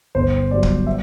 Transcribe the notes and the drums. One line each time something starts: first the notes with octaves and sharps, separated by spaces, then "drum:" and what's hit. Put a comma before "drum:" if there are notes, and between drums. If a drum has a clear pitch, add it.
G1 C5
G2 F#3 D5
drum: kick
E5